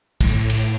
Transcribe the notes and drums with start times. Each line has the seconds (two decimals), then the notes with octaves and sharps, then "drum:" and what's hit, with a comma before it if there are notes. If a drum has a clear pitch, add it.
0.21 A2, drum: kick, cymbal
0.50 drum: cymbal